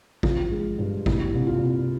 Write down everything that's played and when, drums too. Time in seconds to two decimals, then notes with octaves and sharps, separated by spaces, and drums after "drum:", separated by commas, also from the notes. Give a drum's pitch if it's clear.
0.23 F3 F4, drum: kick G#1
0.51 G#3
0.79 G2
1.06 A#2 E4, drum: kick G#1
1.34 C2
1.47 F4
1.61 C2